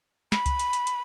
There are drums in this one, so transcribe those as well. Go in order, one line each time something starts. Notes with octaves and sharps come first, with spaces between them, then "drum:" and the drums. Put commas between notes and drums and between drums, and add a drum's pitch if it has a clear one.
B5, drum: snare
drum: kick C#2, hi-hat
drum: hi-hat
drum: hi-hat
drum: hi-hat